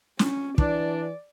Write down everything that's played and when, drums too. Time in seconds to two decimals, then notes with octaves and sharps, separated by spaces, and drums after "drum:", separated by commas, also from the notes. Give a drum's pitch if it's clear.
0.19 C#4, drum: snare
0.58 E3 D4 D5, drum: kick